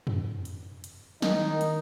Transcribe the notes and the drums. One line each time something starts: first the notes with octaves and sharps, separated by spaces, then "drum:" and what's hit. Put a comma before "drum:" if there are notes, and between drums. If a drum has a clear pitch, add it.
drum: tom
drum: hi-hat
drum: hi-hat
D#3 D#4, drum: snare
drum: hi-hat